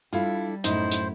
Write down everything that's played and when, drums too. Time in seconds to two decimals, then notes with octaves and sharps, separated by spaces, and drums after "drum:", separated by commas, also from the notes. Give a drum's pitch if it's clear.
0.13 G3 D4 E4 F4 A4
0.64 F#2 A2 D#4 E4 C5, drum: hi-hat
0.91 drum: hi-hat